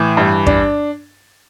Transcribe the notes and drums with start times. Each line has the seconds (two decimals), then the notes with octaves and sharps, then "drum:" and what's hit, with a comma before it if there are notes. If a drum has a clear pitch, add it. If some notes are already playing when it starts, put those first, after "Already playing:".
Already playing: A2 E3
0.17 G2
0.46 D4, drum: kick